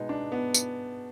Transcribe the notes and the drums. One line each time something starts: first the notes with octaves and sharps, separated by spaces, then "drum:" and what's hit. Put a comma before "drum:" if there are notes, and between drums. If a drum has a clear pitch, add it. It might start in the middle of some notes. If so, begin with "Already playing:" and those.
Already playing: B2 G#3 B3 D#4
D4
B3
drum: tambourine